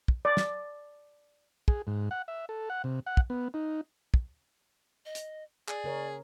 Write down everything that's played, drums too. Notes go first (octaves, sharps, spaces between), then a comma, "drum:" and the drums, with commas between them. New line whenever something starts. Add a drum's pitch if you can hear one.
drum: kick
D5
drum: snare
G#4, drum: kick
G#2
F#5
E5
A4
F#5
C3
F#5
drum: kick
B3
D#4
drum: kick
D#5
drum: hi-hat
G#4 D5, drum: clap
C#3 A#4 C#5